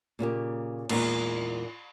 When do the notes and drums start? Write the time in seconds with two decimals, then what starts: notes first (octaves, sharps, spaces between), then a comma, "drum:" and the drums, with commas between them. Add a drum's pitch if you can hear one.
0.19 A#2 C#3 A#3 G4
0.89 E2 A#2 G#3 C#4 D#4, drum: cymbal